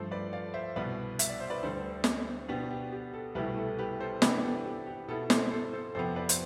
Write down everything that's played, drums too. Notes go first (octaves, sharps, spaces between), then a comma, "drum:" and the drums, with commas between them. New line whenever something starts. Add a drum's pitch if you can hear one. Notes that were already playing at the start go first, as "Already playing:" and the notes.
Already playing: G2 F3 A3 A4 C5
B4 D5
D5 F5
C5 E5
C2 B2 B3 B4 D5
E5, drum: hi-hat
D5
C5
B4 D5
D2 D3 G3 D4 A4 C5
drum: snare
B2 B3 D4 G4 B4
G4
G4
A4
C2 B2 A3 E4 G4 B4
A4
G4 B4
A4 C5
C3 E3 B3 D4 G4 B4, drum: snare
A4
G4
G4
B2 B3 E4 A4
A4 C5, drum: snare
A4 C5
A4 C5
F2 C3 F3 B3 A4 C5
B4 D5
C5, drum: hi-hat